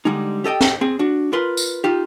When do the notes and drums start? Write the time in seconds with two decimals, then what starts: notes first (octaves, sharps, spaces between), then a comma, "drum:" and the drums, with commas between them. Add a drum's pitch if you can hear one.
0.05 D3 G3 G#3 D#4
0.44 G4 A4 D#5 G5
0.61 drum: snare
0.81 C4 G#4
0.99 D4 F#4
1.33 F4 A#4 B4 C6
1.57 drum: tambourine
1.84 D#4 F4 G4